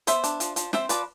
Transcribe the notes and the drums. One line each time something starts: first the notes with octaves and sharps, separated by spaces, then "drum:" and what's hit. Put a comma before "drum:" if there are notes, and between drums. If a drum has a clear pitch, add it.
B3 C5 E5, drum: hi-hat
D4, drum: hi-hat
F3, drum: hi-hat
F3, drum: hi-hat
C4 C5 E5, drum: snare
F3 B4 D5, drum: hi-hat